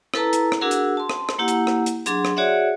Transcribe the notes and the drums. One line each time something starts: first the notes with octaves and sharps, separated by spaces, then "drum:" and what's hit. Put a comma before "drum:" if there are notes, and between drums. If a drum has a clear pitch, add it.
E4 A4 B4 A5 A#5, drum: rim click
drum: hi-hat
drum: rim click
D4 F#4 G#4 A#4 F#5 E6
drum: hi-hat
A5 C6
drum: rim click
drum: rim click
A#3 E4 G4 F#5
drum: hi-hat
drum: rim click
drum: hi-hat
F#3 D4 G#4 C6, drum: hi-hat
drum: rim click
F#4 G#4 C#5 D5 E5 F#5